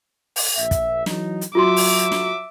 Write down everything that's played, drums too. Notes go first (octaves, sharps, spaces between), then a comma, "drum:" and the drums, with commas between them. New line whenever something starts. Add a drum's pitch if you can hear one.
drum: open hi-hat
A#1 E5
drum: kick, hi-hat
E3 F#3 D#4, drum: snare
drum: hi-hat
F#3 F4 F#4 E5 C6 D6
drum: open hi-hat
drum: snare